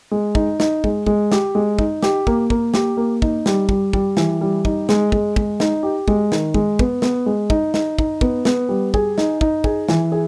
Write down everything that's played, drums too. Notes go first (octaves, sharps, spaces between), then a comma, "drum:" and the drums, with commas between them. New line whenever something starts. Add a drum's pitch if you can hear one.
G#3
D#4, drum: kick
D#4, drum: snare
G#3, drum: kick
G#3, drum: kick
G4, drum: snare
G#3
D#4, drum: kick
G4, drum: snare
A#3, drum: kick
A#3, drum: kick
G4, drum: snare
A#3
D#4, drum: kick
G3, drum: snare
G3, drum: kick
G3, drum: kick
E3, drum: snare
G3
D#4, drum: kick
G#3, drum: snare
G#3, drum: kick
G#3, drum: kick
D#4, drum: snare
G4
G#3, drum: kick
D#3, drum: snare
G#3, drum: kick
B3, drum: kick
B3, drum: snare
G#3
D#4, drum: kick
D#4, drum: snare
D#4, drum: kick
B3, drum: kick
B3, drum: snare
G3
G#4, drum: kick
D#4, drum: snare
D#4, drum: kick
G#4, drum: kick
E3, drum: snare
G#4